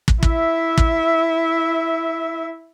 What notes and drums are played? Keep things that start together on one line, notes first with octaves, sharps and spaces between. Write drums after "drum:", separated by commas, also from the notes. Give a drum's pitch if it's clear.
drum: kick
E4 E5, drum: kick
drum: kick